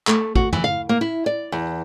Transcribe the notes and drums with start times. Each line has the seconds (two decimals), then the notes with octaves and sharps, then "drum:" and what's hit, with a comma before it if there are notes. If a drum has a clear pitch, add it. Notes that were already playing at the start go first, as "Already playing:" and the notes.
0.07 A3, drum: clap
0.36 F#4, drum: kick A1
0.53 E3, drum: tom
0.64 F5
0.89 A#3
1.01 E4
1.26 D5
1.52 E2